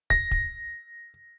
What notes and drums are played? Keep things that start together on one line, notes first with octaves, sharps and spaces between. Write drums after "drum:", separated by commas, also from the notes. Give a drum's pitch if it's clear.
A#6, drum: kick
drum: kick